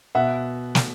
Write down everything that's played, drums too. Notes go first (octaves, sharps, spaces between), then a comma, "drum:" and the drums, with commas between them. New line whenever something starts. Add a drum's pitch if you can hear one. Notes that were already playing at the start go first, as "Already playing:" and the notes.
B2 E5 F#5
drum: snare